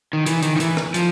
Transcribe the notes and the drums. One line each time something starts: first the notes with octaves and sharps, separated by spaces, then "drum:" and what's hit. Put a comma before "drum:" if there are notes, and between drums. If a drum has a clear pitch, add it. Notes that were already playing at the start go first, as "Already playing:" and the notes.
D#3
E3, drum: hi-hat
D#3, drum: hi-hat
D#3
E3, drum: hi-hat
drum: rim click
F3, drum: hi-hat